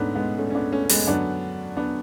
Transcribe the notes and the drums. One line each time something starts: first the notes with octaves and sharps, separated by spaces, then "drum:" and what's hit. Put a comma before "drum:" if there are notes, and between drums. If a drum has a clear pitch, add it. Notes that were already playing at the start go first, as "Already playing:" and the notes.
Already playing: G#2 A3 B3 C#4 D4
G#3 B3
A3 C#4
C#4
B3 D4
A3 C#4
C#4
G#3 B3, drum: open hi-hat
F#2 D3 B3 D4
B3 D4